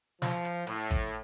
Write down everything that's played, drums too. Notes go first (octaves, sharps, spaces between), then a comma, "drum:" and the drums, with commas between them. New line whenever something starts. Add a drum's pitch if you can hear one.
F3, drum: snare
drum: hi-hat
A2, drum: hi-hat
drum: kick G#1, hi-hat